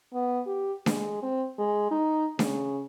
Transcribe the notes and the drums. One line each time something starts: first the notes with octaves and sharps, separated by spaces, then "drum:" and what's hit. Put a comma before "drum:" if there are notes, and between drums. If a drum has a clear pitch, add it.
B3
G4
G#3, drum: snare D4
C4
G#3
D#4
C#3, drum: snare D4